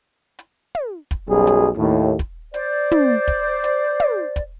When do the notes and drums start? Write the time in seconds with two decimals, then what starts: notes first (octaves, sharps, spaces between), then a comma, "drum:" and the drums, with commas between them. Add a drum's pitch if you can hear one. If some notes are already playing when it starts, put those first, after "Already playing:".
0.39 drum: hi-hat
0.75 drum: tom
1.11 drum: kick, hi-hat
1.29 B1 F#2 G3 G#4
1.47 drum: hi-hat
1.76 D#2 A2
2.19 drum: kick, hi-hat
2.54 C5 D5, drum: hi-hat
2.91 drum: tom
3.28 drum: kick, hi-hat
3.64 drum: hi-hat
4.00 drum: tom
4.36 drum: kick, hi-hat